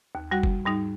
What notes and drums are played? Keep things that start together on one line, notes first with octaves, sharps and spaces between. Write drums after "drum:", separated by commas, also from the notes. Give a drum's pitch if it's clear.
D#2
G3 F#4 F#5
drum: kick F1
G#2 G3 D#4